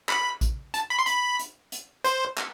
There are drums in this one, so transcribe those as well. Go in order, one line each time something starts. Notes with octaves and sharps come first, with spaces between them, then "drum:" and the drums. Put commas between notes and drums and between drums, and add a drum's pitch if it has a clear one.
B5, drum: clap
drum: kick, hi-hat
A5, drum: hi-hat
B5
C6
B5, drum: hi-hat
drum: hi-hat
drum: hi-hat
C5, drum: hi-hat
drum: clap